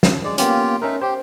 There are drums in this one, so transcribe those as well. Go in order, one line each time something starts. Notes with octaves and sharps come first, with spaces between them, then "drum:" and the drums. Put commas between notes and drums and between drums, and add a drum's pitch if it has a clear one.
drum: snare
G#3 D5
A#3 B3 C#4 F4 G4, drum: hi-hat
A3 C#4 D#4 A#4 E5
G4 C5